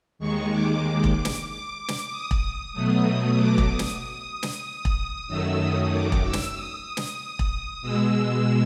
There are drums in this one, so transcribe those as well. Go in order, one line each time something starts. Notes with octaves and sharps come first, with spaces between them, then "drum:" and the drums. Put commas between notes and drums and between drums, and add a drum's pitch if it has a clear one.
D#2 D#3 G#3 C#6
D6
drum: kick E1
drum: snare
D6
D6
drum: snare
D#6
drum: kick E1
B2 F#3 A3 D#6
D6
drum: kick E1
D#6
drum: snare
drum: snare
drum: kick E1
F#2 D#3 F#3 A3 E6
D#6
D6
drum: kick E1
E6
drum: snare
D#6
drum: snare
drum: kick E1
B2 G#3 E6